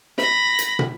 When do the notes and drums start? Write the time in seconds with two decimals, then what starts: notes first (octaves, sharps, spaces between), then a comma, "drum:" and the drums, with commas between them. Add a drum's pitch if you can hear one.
0.18 B5 A#6, drum: snare
0.59 drum: hi-hat
0.79 drum: tom